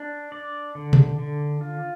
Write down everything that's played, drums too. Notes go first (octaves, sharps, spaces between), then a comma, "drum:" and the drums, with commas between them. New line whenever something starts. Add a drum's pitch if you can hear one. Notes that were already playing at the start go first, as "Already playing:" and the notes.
Already playing: D4
D5
D3
drum: tom B2
D3
F4